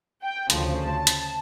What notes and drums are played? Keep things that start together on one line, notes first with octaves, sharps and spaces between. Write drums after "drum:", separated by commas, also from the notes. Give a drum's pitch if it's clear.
G5
D2 C#3 F3, drum: hi-hat
A5
drum: hi-hat